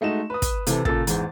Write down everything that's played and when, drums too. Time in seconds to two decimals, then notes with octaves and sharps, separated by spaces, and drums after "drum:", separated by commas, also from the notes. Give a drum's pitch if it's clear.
0.01 G#3 A3 D#4 F#4 E7
0.30 B4 D#6
0.42 drum: kick, hi-hat
0.67 C3 E3 A4, drum: hi-hat
0.85 A#2 C#3 A4 E6 A6, drum: kick
1.07 E2 G#2, drum: hi-hat